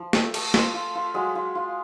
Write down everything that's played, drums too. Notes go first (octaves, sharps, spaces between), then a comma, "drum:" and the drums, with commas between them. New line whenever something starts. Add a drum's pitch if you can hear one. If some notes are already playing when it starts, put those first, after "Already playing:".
Already playing: F3
A3, drum: snare
A3, drum: cymbal
F4, drum: snare
F4
F4
F#3 G#3 G#4
F4
F4